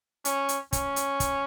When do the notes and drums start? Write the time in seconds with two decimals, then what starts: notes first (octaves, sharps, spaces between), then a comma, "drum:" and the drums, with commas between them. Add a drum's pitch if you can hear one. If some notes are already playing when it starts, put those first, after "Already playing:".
0.25 C#4, drum: hi-hat
0.49 drum: hi-hat
0.73 C#4, drum: kick, hi-hat
0.96 drum: hi-hat
1.20 drum: kick, hi-hat